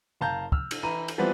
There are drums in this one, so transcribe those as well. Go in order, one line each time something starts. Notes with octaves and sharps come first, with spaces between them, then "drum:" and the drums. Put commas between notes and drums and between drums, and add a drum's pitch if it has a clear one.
F#1 F5 A5 A#5 G6
E6 F6, drum: kick
drum: cymbal
E3 A#5 B5 D#7
drum: cymbal
E3 F3 G3 B3 C4 B4